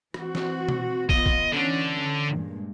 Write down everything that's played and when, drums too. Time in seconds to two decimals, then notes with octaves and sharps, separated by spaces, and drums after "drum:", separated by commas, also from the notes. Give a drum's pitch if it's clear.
0.14 E3 C4 F#4, drum: rim click
0.35 drum: snare
0.69 drum: tom B2
1.09 B3 F4 D#5, drum: kick
1.26 drum: kick
1.52 D3 E3 C#4 D4
2.27 G2 A#2 G#3